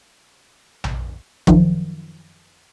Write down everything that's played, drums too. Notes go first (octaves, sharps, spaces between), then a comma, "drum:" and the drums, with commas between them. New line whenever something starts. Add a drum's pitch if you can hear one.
drum: tom A#1
F#2 D#3 F3, drum: kick